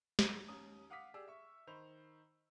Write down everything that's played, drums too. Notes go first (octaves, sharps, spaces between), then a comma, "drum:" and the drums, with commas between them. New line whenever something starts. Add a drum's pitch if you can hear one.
G#2 F#3, drum: snare
D#2 C#4 A#5 D#6
F5 F#5 D6 D#6 F6 B6
G4 G#4 D5 E6
E5 C#6
D#3 C5 B5 F7